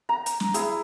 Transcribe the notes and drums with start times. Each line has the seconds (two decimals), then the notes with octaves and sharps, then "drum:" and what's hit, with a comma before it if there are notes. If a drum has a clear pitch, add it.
0.09 A#5
0.26 drum: hi-hat
0.40 drum: snare
0.54 E4 G#4, drum: hi-hat